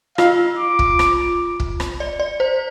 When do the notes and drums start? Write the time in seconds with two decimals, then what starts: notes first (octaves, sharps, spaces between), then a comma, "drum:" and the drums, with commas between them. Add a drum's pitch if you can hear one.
0.18 F4 F5, drum: rim click
0.59 D6
0.79 drum: kick
0.99 drum: rim click
1.60 drum: kick
1.80 drum: rim click
2.00 D5
2.19 D5
2.40 C5